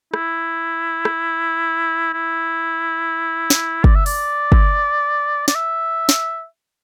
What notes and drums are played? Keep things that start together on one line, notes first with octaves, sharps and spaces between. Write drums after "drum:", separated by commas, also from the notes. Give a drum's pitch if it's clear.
E4, drum: rim click
drum: rim click
E4
drum: snare
D5, drum: kick
E5
D5, drum: open hi-hat
drum: kick
D5, drum: snare
E5
drum: snare